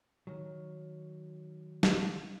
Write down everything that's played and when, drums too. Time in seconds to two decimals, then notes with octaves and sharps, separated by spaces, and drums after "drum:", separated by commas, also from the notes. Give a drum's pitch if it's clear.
0.27 D#3 F#3
1.83 drum: snare